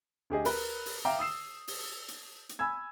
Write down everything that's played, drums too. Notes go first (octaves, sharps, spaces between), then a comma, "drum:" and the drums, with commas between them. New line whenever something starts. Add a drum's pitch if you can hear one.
D2 G4 G#4 D#5
A#4 B4, drum: open hi-hat
drum: open hi-hat
E5 F5 G5 A#5 D6
D#6 E6 C7 E7
drum: open hi-hat
drum: hi-hat
drum: hi-hat
G#5 B5 E6 G#6